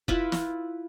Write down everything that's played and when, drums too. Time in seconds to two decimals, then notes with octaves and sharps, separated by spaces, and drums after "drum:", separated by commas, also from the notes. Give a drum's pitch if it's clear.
0.08 E4 F4 B4, drum: kick F1
0.32 drum: snare